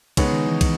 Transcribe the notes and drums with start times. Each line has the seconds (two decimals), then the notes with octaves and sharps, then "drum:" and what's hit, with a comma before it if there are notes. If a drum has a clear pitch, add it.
0.17 C#3 G#3 B3 D#4 G#4 C#5, drum: kick, cymbal
0.32 D#3
0.47 E3
0.61 E3, drum: kick, cymbal